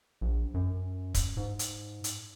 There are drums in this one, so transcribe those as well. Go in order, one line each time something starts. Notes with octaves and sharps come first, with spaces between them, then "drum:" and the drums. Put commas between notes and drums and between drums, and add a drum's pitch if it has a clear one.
A#1
F#2
drum: kick, hi-hat
G#2
drum: hi-hat
drum: hi-hat